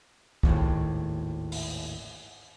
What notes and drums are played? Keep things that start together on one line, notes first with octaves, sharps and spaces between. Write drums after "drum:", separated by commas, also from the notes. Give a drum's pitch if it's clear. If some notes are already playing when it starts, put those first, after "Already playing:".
G#1 D#2 A2, drum: kick
drum: open hi-hat